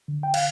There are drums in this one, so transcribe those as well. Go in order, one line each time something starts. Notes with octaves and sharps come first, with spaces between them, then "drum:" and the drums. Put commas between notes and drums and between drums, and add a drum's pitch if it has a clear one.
D3
G5
F5, drum: cymbal